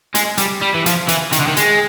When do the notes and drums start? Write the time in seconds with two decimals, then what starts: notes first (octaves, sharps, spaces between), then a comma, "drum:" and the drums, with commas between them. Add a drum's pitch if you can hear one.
0.15 G#3, drum: hi-hat
0.38 G3, drum: hi-hat
0.61 G3
0.74 E3
0.86 F3, drum: hi-hat
1.08 E3, drum: hi-hat
1.33 D#3, drum: hi-hat
1.41 D3
1.48 D#3
1.57 G#3, drum: hi-hat